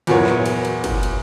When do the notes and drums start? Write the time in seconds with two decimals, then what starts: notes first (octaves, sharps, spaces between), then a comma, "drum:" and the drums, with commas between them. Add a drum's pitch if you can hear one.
0.07 E2 A#2 F#3 B3 A#4 C#5, drum: cymbal
0.26 drum: clap
0.46 drum: cymbal
0.65 drum: cymbal
0.84 drum: kick, cymbal
1.03 drum: cymbal